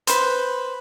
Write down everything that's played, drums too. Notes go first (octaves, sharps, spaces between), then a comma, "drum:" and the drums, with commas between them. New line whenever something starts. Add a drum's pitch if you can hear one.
B4 C5, drum: hi-hat